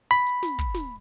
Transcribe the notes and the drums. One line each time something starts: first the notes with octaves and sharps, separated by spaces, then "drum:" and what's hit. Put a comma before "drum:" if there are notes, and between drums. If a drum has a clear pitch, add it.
B5, drum: hi-hat
drum: hi-hat
drum: snare
drum: kick, hi-hat
drum: snare